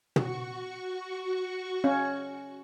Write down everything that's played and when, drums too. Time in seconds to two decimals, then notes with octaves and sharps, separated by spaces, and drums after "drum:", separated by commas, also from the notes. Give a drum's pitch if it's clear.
0.16 F#4 C#6, drum: tom
1.84 C#4